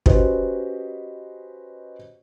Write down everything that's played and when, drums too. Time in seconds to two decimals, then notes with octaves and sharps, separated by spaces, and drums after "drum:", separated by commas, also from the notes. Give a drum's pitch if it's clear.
0.06 C#4 F#4 G4 B4 C5 D#5, drum: kick